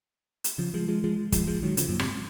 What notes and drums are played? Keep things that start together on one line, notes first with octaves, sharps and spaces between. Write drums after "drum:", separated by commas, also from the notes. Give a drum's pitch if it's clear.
drum: hi-hat
C#3 F3
F3 G#3
F3 G#3
F3 G#3
F3 G#3, drum: kick, hi-hat
F3 G#3
D#3 F#3
C#3 F3, drum: hi-hat
F#2 A#2
G#2 C3, drum: rim click